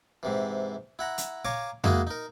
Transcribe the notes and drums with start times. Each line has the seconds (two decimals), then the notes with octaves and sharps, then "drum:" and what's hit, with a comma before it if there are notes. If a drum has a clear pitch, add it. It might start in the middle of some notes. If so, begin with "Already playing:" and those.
0.23 G#2 C3 E3
0.99 E4 F#5 A#5
1.18 drum: hi-hat
1.45 C#5 F5 G#5 A#5 C#6 D6
1.84 G#3 A#3 D#4 E4 F#4 G#4, drum: tom F2
2.07 D#4 A#4